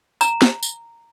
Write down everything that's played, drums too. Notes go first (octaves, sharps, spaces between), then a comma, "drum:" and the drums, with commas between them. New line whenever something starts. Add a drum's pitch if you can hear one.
A#5, drum: tambourine
drum: snare
drum: tambourine